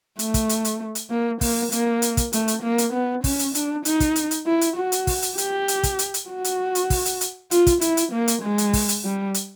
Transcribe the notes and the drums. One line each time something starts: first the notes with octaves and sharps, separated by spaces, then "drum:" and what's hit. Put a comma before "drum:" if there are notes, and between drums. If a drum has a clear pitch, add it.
A3, drum: hi-hat
drum: kick, hi-hat
drum: hi-hat
drum: hi-hat
drum: hi-hat
A#3
A#3, drum: kick, open hi-hat
A#3, drum: hi-hat
drum: hi-hat
drum: kick, hi-hat
A3, drum: hi-hat
drum: hi-hat
A#3
drum: hi-hat
B3
C#4, drum: kick, open hi-hat
drum: hi-hat
D4, drum: hi-hat
D#4, drum: hi-hat
drum: kick, hi-hat
drum: hi-hat
drum: hi-hat
E4
drum: hi-hat
F#4
drum: hi-hat
drum: kick, open hi-hat
drum: hi-hat
G4, drum: hi-hat
drum: hi-hat
drum: kick, hi-hat
drum: hi-hat
drum: hi-hat
F#4
drum: hi-hat
drum: hi-hat
drum: kick, open hi-hat
drum: hi-hat
drum: hi-hat
F4, drum: hi-hat
drum: kick, hi-hat
E4, drum: hi-hat
drum: hi-hat
A#3
drum: hi-hat
G#3
drum: hi-hat
drum: kick, open hi-hat
drum: hi-hat
G3
drum: hi-hat